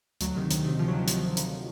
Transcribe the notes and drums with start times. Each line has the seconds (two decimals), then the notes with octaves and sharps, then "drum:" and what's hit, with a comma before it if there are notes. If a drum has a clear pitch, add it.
0.21 D2 F#3, drum: hi-hat
0.35 C3 D#3
0.51 D2, drum: hi-hat
0.64 C3 D#3
0.79 D2 F3
0.88 F#3
0.94 C3 D#3 F3
1.08 F3, drum: hi-hat
1.37 drum: hi-hat